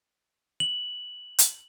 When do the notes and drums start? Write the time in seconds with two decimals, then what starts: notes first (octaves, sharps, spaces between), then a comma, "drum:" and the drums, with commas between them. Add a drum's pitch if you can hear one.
0.60 F#7
1.39 drum: hi-hat